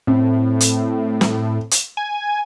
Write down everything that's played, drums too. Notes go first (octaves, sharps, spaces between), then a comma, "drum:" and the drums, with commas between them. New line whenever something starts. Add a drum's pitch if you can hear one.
A2 C4
drum: hi-hat
drum: snare
drum: hi-hat
G#5